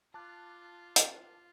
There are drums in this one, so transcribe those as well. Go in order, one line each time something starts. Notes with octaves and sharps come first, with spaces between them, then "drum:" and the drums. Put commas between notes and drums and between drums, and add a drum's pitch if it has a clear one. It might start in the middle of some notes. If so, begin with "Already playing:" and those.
F4 A5 D6 F#6
drum: hi-hat